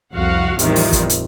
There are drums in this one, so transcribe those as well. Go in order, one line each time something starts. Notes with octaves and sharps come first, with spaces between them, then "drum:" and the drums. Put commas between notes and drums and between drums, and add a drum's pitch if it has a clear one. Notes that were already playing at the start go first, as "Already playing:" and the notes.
C2 F2 F#4 F5 F#5
A1 E2 C3 D#3 F3 G3, drum: hi-hat
drum: open hi-hat
drum: kick, hi-hat
drum: hi-hat